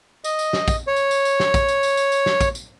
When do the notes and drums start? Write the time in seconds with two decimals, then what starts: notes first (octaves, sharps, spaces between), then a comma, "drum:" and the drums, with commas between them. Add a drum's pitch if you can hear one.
0.24 D#5, drum: tambourine
0.39 drum: tambourine
0.53 drum: snare
0.68 drum: kick, tambourine
0.87 C#5
0.96 drum: tambourine
1.11 drum: tambourine
1.25 drum: tambourine
1.40 drum: snare
1.54 drum: kick, tambourine
1.69 drum: tambourine
1.83 drum: tambourine
1.97 drum: tambourine
2.12 drum: tambourine
2.26 drum: snare
2.41 drum: kick, tambourine
2.55 drum: tambourine